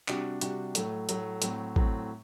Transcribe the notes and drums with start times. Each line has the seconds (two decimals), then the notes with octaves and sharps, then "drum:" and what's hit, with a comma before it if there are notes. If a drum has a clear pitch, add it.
0.08 C3 G3 D4 F#4, drum: clap
0.41 C3 G3 D4 F#4, drum: hi-hat
0.75 A2 F#3 A3, drum: hi-hat
1.09 A2 F#3 A3, drum: hi-hat
1.42 A2 F#3 C4, drum: hi-hat
1.76 A2 F#3 C4, drum: kick